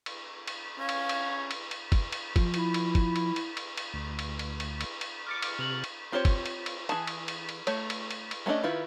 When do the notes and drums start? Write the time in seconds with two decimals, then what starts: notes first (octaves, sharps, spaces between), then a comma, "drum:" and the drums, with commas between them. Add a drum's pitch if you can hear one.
0.06 drum: cymbal
0.48 drum: cymbal
0.79 C#4 F5
0.89 drum: cymbal
1.09 drum: cymbal
1.51 drum: cymbal
1.71 drum: cymbal
1.92 drum: kick, cymbal
2.12 drum: cymbal
2.36 F3, drum: kick, cymbal
2.54 E4, drum: cymbal
2.74 drum: cymbal
2.95 drum: kick, cymbal
3.16 drum: cymbal
3.36 drum: cymbal
3.57 drum: cymbal
3.77 drum: cymbal
3.93 D2
4.19 drum: cymbal
4.39 drum: cymbal
4.60 drum: cymbal
4.81 drum: cymbal
5.01 drum: cymbal
5.27 D6 F6 A6 C#7
5.42 drum: cymbal
5.59 C3 F6 F7 F#7
5.84 drum: cymbal
6.12 C4 F4 G4 C5 C#5
6.25 drum: kick, cymbal
6.46 drum: cymbal
6.66 drum: cymbal
6.89 E3 E4 G#4 A5, drum: cymbal
7.07 drum: cymbal
7.28 drum: cymbal
7.49 drum: cymbal
7.67 A3 C#5, drum: cymbal
7.90 drum: cymbal
8.11 drum: cymbal
8.31 drum: cymbal
8.46 G#3 A3 C#4 D4 D#5
8.64 D#3 E4 F4 B4